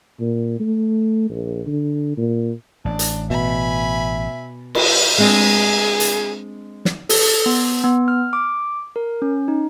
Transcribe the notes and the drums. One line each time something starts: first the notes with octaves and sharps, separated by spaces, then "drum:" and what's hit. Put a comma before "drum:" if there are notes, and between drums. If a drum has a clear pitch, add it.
A#2
A3
A#1
D3
A#2
A1 D4
drum: hi-hat
B2 E5 G#5 B5
drum: cymbal
G#3 C4 D4 G#4
drum: hi-hat
drum: snare
A4, drum: open hi-hat
B3
B3
F6
D6
A#4
C#4
D#4